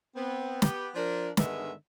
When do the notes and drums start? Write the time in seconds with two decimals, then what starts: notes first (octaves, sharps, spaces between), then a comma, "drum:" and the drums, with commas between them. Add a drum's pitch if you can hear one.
0.15 B3 C4
0.62 B3 G4, drum: snare
0.94 F3 D4 A#4
1.37 G2 D3 D#3 G#3 B3 E5, drum: snare